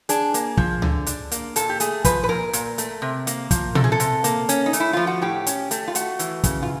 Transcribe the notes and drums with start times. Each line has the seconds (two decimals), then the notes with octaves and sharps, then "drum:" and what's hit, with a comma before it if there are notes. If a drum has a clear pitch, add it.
0.09 D4 G#4, drum: hi-hat
0.34 A#3, drum: hi-hat
0.57 F3, drum: kick
0.82 D3, drum: tom C#2
1.07 D4, drum: hi-hat
1.32 A#3, drum: hi-hat
1.56 A#2 A4, drum: hi-hat
1.69 G4
1.80 A3 G#4, drum: hi-hat
2.05 F3 B4, drum: kick, hi-hat
2.23 B4
2.29 A#2 A#4
2.53 A#2, drum: hi-hat
2.78 A3, drum: hi-hat
3.02 C3
3.27 A#3, drum: hi-hat
3.51 F3, drum: kick, hi-hat
3.75 C3 A4, drum: tom A#2
3.84 G#4
3.92 A4
4.00 C3, drum: hi-hat
4.24 A#3, drum: hi-hat
4.49 C#4, drum: hi-hat
4.66 D#4
4.73 A3, drum: hi-hat
4.80 E4
4.93 F3 F4
5.07 F#4
5.22 A2 G4
5.47 C#4, drum: hi-hat
5.71 A3, drum: hi-hat
5.88 F4
5.95 A3 F#4, drum: hi-hat
6.19 E3, drum: hi-hat
6.44 C#3, drum: kick, hi-hat
6.62 F4